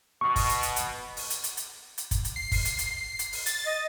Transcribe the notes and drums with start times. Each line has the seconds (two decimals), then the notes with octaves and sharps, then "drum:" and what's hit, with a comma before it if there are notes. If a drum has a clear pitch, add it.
0.21 B2 C#6
0.36 drum: kick, open hi-hat
0.49 drum: hi-hat
0.63 drum: hi-hat
0.76 drum: hi-hat
1.17 drum: open hi-hat
1.30 drum: hi-hat
1.44 drum: hi-hat
1.57 drum: hi-hat
1.98 drum: hi-hat
2.11 drum: kick, hi-hat
2.25 drum: hi-hat
2.36 C7
2.52 drum: kick, open hi-hat
2.65 drum: hi-hat
2.79 drum: hi-hat
3.19 drum: hi-hat
3.33 drum: open hi-hat
3.46 A6, drum: hi-hat
3.66 D#5